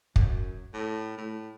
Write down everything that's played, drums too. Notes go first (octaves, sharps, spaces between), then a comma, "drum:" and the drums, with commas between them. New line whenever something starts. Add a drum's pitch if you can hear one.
F#2, drum: kick
A2
A2